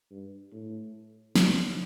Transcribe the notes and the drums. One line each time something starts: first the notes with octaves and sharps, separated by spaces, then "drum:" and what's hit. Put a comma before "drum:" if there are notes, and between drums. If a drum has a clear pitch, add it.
G2
A2
C3, drum: snare